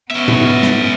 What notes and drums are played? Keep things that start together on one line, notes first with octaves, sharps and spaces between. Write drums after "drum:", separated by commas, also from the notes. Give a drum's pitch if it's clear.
B3 C#4 E5
drum: tom
drum: snare